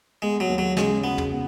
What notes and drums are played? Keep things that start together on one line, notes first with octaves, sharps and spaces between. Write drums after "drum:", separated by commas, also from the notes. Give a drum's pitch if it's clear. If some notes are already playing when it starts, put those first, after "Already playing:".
G#3 B3
F#3
D#2
F#3
C#3 G#3, drum: snare
B3 F#4
drum: tom
B3